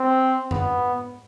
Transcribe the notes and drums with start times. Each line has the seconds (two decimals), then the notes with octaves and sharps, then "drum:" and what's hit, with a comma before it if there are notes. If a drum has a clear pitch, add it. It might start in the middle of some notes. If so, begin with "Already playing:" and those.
Already playing: C4
0.51 B3, drum: tom F#2